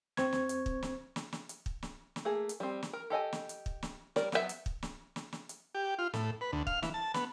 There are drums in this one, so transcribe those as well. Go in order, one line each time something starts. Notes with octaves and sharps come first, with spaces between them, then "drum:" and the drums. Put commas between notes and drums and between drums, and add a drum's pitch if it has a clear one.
E2 C4 C5 C#6 G#6, drum: snare
drum: snare
drum: hi-hat
drum: kick
drum: snare
drum: snare
drum: snare
drum: hi-hat
drum: kick
drum: snare
drum: snare
A3 A#3 G#4
drum: hi-hat
G3 C4
drum: snare
A#4
G4 A4 D#5 G#5
drum: snare
drum: hi-hat
drum: kick
drum: snare
G3 A#4 D5, drum: snare
F#3 B3 A4 E5, drum: snare
drum: hi-hat
drum: kick
drum: snare
drum: snare
drum: snare
drum: hi-hat
G4
F4
A2, drum: snare
B4
D2
F5, drum: kick
E3, drum: snare
A5
B3, drum: snare